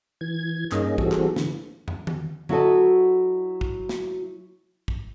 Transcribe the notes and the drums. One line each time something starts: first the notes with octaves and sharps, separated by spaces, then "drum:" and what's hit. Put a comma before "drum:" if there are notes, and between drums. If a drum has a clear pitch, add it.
E3 G#6
G2 A#3 C#4 D#4 G#4 D#5, drum: clap
E3 G3 C4 F#4 G#4 A4, drum: kick
drum: clap
D3 E3, drum: snare
drum: tom
drum: tom D#3
F#3 E4 F#4 A4 D#5, drum: tom D3
drum: kick
drum: snare
drum: kick